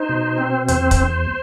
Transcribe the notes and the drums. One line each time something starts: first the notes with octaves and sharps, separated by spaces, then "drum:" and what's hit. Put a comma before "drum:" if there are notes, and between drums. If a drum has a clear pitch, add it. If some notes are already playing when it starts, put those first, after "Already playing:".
Already playing: D#4 C5
B2
C4
E2 C5, drum: hi-hat
drum: kick, hi-hat